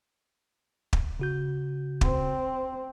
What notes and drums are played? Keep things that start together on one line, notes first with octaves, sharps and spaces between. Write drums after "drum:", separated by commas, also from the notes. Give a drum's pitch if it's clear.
drum: kick
C#3 F#4 G6
C4, drum: kick